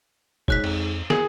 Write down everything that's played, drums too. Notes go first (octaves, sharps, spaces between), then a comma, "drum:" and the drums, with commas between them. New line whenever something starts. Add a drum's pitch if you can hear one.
G#2 B2 C#5 F#6 B6, drum: kick F1
F2, drum: cymbal
G#4 A#4, drum: snare